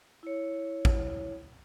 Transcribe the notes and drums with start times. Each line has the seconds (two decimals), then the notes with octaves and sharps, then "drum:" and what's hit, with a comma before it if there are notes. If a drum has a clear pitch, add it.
0.23 E4 C#5
0.85 drum: kick A1